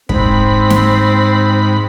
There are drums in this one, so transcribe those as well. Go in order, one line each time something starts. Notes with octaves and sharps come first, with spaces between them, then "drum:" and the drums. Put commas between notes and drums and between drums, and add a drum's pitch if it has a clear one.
G#2 C4 B5, drum: kick
drum: snare